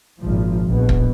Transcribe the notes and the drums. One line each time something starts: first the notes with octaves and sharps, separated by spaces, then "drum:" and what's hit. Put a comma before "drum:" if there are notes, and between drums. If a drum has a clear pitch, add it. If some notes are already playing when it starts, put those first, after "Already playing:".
G#1 A#2 F3
A#1 B2
drum: kick